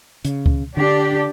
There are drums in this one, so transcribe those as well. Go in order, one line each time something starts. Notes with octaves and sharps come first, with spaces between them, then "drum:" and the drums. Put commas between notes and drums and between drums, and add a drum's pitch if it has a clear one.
C#3, drum: hi-hat
drum: kick C#2
D3 D4 G4